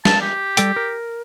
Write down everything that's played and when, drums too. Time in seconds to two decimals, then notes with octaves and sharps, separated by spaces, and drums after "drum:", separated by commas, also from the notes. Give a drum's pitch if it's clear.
0.05 A5, drum: snare
0.21 G4
0.57 G3 A4 G5, drum: hi-hat
0.76 A#4